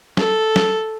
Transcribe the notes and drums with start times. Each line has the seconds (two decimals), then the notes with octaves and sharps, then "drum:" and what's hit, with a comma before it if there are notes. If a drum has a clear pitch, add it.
0.17 A4, drum: snare
0.56 drum: snare